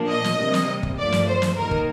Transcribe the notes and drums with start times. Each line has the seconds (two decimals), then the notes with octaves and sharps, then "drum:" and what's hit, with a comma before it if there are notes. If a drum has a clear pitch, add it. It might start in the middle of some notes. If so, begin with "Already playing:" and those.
Already playing: A#2 F3 A#3 D4
0.10 D#5
0.24 drum: snare
0.38 C3 G3 A#3
0.54 drum: snare
0.83 drum: kick
0.98 G2 F3 A3 D5
1.12 drum: snare
1.27 C5
1.42 drum: snare
1.56 D#2 D#3 A#3 A#4
1.71 drum: kick